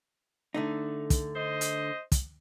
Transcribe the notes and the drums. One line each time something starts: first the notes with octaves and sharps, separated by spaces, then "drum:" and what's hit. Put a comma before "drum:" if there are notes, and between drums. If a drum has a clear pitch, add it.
D3 A3 D#4
drum: kick, hi-hat
C5 D#5
drum: hi-hat
drum: kick, hi-hat